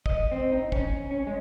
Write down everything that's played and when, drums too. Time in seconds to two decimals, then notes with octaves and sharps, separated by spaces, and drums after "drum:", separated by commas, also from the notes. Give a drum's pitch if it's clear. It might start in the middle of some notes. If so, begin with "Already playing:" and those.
0.06 D#5, drum: kick
0.31 C4
0.52 D#4
0.72 C#4, drum: kick
1.11 C#4
1.27 G#3